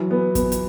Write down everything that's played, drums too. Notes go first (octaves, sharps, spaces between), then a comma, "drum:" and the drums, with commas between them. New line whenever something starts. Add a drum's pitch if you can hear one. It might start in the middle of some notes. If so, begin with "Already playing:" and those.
Already playing: E3 F#3
B3
B3, drum: kick, hi-hat
drum: hi-hat